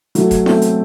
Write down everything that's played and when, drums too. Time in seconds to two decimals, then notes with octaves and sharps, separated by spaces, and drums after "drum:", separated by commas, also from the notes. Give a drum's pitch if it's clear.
0.15 F#3 A3, drum: hi-hat
0.31 drum: kick E1, hi-hat
0.46 A3 C4, drum: snare E4
0.62 drum: hi-hat